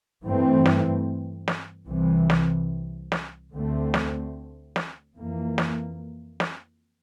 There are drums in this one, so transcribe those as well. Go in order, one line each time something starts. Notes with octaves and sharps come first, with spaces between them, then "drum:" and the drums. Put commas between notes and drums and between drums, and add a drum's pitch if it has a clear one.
G2 E3 A3 C4
drum: snare
drum: snare
C2 C3 E3
drum: snare
drum: snare
D2 D3 A3 C4
drum: snare
drum: snare
F2 E3 A#3
drum: snare
drum: snare